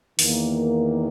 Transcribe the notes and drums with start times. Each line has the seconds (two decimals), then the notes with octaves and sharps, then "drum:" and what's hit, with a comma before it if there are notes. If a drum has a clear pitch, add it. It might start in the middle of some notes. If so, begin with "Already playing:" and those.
0.19 E2 D#3 A#3, drum: open hi-hat